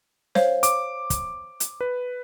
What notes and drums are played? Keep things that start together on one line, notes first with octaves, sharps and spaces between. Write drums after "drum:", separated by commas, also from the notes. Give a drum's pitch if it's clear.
C5 C#5 F5, drum: snare
D6, drum: hi-hat
drum: kick, hi-hat
drum: hi-hat
B4